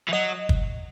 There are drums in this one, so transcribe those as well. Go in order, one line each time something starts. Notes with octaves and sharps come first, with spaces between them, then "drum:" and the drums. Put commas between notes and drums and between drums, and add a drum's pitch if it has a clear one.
E3
F#3 D#5
drum: kick